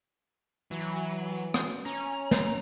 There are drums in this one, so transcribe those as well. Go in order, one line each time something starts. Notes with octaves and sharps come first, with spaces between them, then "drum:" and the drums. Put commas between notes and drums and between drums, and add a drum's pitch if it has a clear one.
E3 F#3
drum: rim click
C#4 A#5
drum: snare